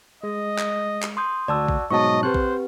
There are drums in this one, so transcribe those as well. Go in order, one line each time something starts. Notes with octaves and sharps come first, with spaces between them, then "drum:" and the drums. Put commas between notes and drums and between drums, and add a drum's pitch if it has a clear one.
G#3 D#5
drum: clap
drum: clap
C6 D#6 G6
D2 F#4 D5 A5 E6
drum: kick A#1
G#2 B2 F#3 D#5 A5 C#6
C4 G4 B4 C5 F#6
drum: kick A#1